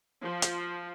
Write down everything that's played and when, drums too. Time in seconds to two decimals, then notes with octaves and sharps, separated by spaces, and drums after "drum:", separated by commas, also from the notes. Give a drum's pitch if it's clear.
0.20 F3
0.42 drum: hi-hat